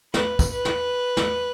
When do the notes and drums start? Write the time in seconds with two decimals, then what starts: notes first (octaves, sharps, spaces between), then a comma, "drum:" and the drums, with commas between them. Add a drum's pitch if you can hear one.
0.14 B4, drum: snare
0.39 drum: kick, tambourine
0.52 B4
0.65 drum: snare
1.17 drum: snare